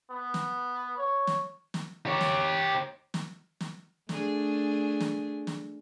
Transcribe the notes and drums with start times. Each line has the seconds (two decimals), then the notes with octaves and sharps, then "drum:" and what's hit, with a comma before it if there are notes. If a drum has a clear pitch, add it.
0.11 B3
0.34 drum: snare
0.97 C#5
1.27 drum: snare
1.74 drum: snare
2.06 G4 C#5
2.21 drum: snare
3.14 drum: snare
3.61 drum: snare
4.09 A3 D4 G#4, drum: snare
5.00 drum: snare
5.47 drum: snare